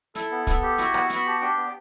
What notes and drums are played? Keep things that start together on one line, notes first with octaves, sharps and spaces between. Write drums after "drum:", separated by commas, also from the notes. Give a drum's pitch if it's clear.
E4 A4, drum: hi-hat
B3
B3, drum: kick, hi-hat
G4
E4 F#4 F#5, drum: hi-hat
B3, drum: rim click
B3, drum: hi-hat
B5
G4 A5
D4 G4 G5
B3